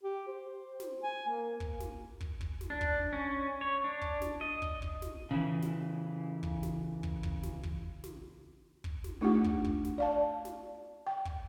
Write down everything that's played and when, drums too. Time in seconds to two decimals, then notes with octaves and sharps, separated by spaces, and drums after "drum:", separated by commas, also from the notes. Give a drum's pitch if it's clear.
0.03 G4
0.28 C5
0.80 drum: snare
1.03 G#5
1.28 A#3
1.60 drum: kick
1.80 drum: snare
2.21 drum: kick
2.41 drum: kick
2.61 drum: snare
2.70 D4
2.81 drum: kick
3.13 C#4
3.61 C#5
3.84 D4
4.01 drum: kick
4.22 drum: snare
4.41 D#5
4.62 drum: kick
4.82 drum: kick
5.02 drum: snare
5.31 C#3 E3
5.62 drum: snare
6.43 drum: kick
6.63 drum: snare
7.03 drum: kick
7.23 drum: kick
7.43 drum: snare
7.63 drum: kick
8.04 drum: snare
8.84 drum: kick
9.04 drum: snare
9.21 A3 D4 D#4 F4 G4 F#5
9.44 drum: kick
9.64 drum: kick
9.85 drum: snare
9.98 D5 F5 A5
10.45 drum: snare
11.07 G5
11.25 drum: kick